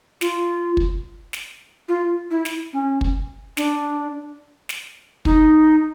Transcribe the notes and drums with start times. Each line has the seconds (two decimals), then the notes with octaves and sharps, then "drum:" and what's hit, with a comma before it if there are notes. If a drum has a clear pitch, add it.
0.21 F4, drum: snare
0.77 drum: kick
1.33 drum: snare
1.88 F4
2.31 E4
2.45 drum: snare
2.73 C#4
3.01 drum: kick
3.57 D4, drum: snare
4.69 drum: snare
5.25 D#4, drum: kick